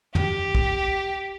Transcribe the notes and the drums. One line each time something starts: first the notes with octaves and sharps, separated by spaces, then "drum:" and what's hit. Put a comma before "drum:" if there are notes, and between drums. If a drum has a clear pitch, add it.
G4, drum: tom
drum: kick